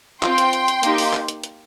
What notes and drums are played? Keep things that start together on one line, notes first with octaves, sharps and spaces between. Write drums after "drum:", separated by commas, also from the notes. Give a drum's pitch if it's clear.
C4 F4 G5 C6, drum: clap
drum: hi-hat
drum: hi-hat
drum: hi-hat
A#3 D#4 G4, drum: hi-hat
drum: open hi-hat
drum: clap
drum: hi-hat
drum: hi-hat